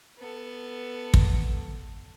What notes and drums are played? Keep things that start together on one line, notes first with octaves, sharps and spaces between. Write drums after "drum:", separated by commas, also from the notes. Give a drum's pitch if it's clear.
B3 A4
drum: kick